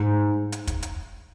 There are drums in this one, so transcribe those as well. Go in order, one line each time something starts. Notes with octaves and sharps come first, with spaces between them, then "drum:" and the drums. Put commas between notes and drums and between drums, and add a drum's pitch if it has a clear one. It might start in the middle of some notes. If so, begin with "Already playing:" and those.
Already playing: G#2
drum: hi-hat
drum: kick, hi-hat
drum: hi-hat